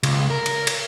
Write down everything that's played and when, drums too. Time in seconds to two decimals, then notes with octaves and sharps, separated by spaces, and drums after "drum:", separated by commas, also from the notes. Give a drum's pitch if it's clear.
0.03 C#2, drum: cymbal
0.30 A#4
0.46 drum: cymbal
0.67 drum: cymbal